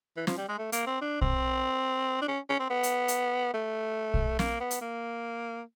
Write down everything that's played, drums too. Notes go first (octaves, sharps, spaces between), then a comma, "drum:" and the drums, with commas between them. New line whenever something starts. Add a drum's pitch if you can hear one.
E3
F3, drum: snare
G3
G#3
A3
A#3, drum: hi-hat
C4
D4
C4, drum: kick
D4
C#4
C#4
C4
B3
drum: hi-hat
drum: hi-hat
A3
drum: kick
A#3, drum: snare
B3
drum: hi-hat
A#3